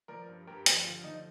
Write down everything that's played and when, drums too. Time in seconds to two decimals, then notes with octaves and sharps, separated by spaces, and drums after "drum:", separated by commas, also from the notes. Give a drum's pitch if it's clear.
0.08 F3 A#4 D5
0.28 G2
0.47 G2 G4 A#4
0.66 F3, drum: hi-hat
0.85 D3 F4
1.04 F3 D#4